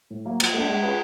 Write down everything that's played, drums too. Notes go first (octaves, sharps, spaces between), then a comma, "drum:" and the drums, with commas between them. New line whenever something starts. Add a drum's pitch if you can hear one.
A2
F#3 A#3
F3, drum: cymbal
A3 D4
G#3
C#4 F4 G#4 B4